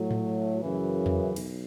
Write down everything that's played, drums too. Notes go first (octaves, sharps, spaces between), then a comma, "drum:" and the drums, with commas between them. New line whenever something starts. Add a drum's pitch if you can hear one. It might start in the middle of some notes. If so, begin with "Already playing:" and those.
Already playing: A2 F#3 A3
drum: tom A2
F#2 C#3 E3
drum: tom E2
B1, drum: cymbal